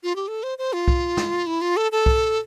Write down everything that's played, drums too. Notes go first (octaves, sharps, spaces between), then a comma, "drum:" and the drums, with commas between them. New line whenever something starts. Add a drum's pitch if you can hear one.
F4
G4
A4
C5
C5
F4
drum: kick C2
drum: snare
E4
F4
A4
A4
drum: kick C2